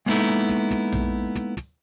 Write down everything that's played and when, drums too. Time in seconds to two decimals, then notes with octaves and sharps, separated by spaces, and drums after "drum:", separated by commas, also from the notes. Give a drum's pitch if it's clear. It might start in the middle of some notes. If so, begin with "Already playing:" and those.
0.06 G#3 A#3 B3 D#4 E4 A4
0.49 drum: snare
0.71 drum: snare
0.92 drum: tom A#1
1.35 drum: snare
1.57 drum: snare